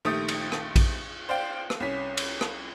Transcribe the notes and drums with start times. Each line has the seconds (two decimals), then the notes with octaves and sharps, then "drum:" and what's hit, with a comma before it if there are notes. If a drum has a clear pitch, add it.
0.05 A#1 D#3 A3 G4 G5 D#6
0.28 drum: cymbal
0.52 drum: rim click
0.76 drum: kick A#1, cymbal
1.29 C5 D5 F5 G5
1.70 drum: rim click
1.80 C2 C#4 B6
2.17 drum: cymbal
2.41 drum: rim click